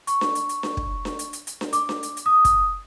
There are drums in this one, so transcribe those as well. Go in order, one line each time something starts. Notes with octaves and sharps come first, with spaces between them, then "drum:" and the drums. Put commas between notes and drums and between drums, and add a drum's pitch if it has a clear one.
C#6, drum: hi-hat
drum: snare D4
drum: hi-hat
drum: hi-hat
drum: snare D4
drum: kick
drum: snare D4
drum: hi-hat
drum: hi-hat
drum: hi-hat
drum: snare D4
D6, drum: hi-hat
drum: snare D4
drum: hi-hat
drum: hi-hat
D#6
drum: kick, hi-hat